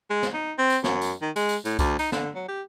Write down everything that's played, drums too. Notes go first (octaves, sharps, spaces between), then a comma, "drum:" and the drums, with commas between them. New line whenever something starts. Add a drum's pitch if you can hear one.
G#3
drum: snare
D#4
C4
drum: tambourine
F#2, drum: snare
drum: tambourine
D#3
G#3, drum: tambourine
drum: tambourine
A2, drum: tambourine
D2, drum: kick C2, tambourine
D#4, drum: tambourine
D3, drum: snare
F#3
G4